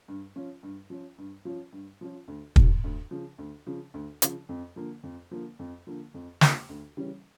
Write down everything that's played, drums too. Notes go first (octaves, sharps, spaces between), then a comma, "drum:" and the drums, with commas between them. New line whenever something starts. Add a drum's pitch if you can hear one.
G2
F3 C#4 F4
G2
F3 C#4 F4
G2
F3 C#4 F4
G2
F3 C#4 F4
D2
C#3 F3, drum: kick
D2
C#3 F3
D2
C#3 F3
D2
C#3 F3, drum: hi-hat
F2
D3 F3 A#3
F2
D3 F3 A#3
F2
D3 F3 A#3
F2
D3 F3 A#3, drum: snare
D2
C#3 E3 G3 C#4